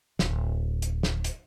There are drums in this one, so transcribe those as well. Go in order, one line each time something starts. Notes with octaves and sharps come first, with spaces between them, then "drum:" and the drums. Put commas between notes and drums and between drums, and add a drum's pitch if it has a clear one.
D1, drum: snare
drum: hi-hat
drum: snare
drum: hi-hat